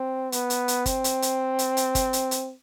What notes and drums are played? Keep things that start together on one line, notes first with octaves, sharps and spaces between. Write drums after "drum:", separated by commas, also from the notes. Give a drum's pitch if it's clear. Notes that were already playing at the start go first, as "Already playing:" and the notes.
Already playing: C4
B3, drum: hi-hat
drum: hi-hat
drum: hi-hat
C4, drum: kick G1, hi-hat
drum: hi-hat
drum: hi-hat
drum: hi-hat
drum: hi-hat
drum: kick G1, hi-hat
drum: hi-hat
drum: hi-hat